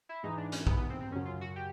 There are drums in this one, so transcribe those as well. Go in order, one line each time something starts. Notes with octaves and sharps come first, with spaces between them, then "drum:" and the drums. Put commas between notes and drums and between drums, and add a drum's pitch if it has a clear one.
E4
G#2 E3 G#3 D#4
D4
C#4, drum: hi-hat
B3, drum: kick
B3
C4
C4
F#2 C#3 F#3 C#4
F4
F#4
G4